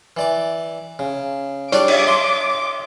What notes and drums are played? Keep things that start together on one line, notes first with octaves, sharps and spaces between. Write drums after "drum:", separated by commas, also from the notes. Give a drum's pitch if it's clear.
E3 D5 D6
C#3
G3 D4 C#5 D5 D6, drum: hi-hat
drum: cymbal
C6